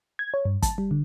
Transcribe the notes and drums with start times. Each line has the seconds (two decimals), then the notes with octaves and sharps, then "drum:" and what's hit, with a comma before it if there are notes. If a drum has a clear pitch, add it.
0.19 G#6
0.34 C#5
0.45 G2
0.62 A5, drum: kick, hi-hat
0.78 G3
0.91 D3